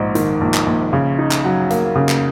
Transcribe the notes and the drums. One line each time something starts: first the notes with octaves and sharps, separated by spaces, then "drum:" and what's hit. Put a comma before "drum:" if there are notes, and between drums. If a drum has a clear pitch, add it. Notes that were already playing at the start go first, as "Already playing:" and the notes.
Already playing: A#1 G#2
D#3, drum: hi-hat
A#1
drum: clap
A#1
C#3
D#4
drum: clap
F#3
A#3, drum: hi-hat
C#3
drum: clap